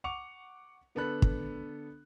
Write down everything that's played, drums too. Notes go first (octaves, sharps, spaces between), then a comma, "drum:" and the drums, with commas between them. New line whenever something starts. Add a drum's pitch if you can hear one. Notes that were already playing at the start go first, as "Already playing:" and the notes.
F#5 C#6 D6 C#7 F7
D3 B3 D4 A4 B5 F#6
drum: kick